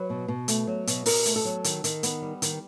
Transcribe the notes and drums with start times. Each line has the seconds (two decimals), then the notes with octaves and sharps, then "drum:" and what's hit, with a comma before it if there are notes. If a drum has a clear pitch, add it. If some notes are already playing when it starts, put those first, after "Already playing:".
Already playing: F#3 B4
0.10 B2
0.28 B2
0.48 A3, drum: hi-hat
0.67 F#3
0.87 B2, drum: hi-hat
1.06 B2 A#4, drum: open hi-hat
1.25 A3, drum: hi-hat
1.36 A4
1.45 F#3
1.64 D#3, drum: hi-hat
1.84 D#3, drum: hi-hat
2.03 B3, drum: hi-hat
2.22 G3
2.42 D#3, drum: hi-hat